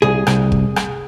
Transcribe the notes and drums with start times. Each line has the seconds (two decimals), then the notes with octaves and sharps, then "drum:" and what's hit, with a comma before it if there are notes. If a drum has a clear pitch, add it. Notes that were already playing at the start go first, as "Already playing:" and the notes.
0.02 C2 G#4
0.27 C2, drum: rim click
0.52 drum: kick
0.76 drum: rim click